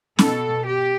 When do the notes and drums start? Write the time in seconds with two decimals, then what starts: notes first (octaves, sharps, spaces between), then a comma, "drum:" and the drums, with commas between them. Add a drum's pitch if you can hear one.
0.19 B2 A4, drum: snare C#4
0.66 G4